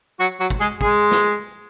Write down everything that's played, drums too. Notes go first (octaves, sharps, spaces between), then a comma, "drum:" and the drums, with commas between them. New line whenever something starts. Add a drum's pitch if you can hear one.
F#3 F#4
F#3 F#4
drum: kick
G#3 G#4
G#3 G#4, drum: kick
drum: snare